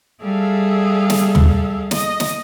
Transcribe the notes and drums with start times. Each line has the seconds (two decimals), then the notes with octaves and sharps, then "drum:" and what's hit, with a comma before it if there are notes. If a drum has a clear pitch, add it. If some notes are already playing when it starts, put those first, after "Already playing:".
0.22 G3 G#4 A4 E5 F5
1.10 drum: snare
1.35 drum: tom
1.91 D#5 D#6, drum: snare
2.20 drum: snare